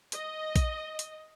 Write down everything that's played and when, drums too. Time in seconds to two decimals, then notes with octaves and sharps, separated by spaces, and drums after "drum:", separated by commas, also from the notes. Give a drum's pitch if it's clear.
0.12 D#5, drum: hi-hat
0.56 drum: kick, hi-hat
0.99 drum: hi-hat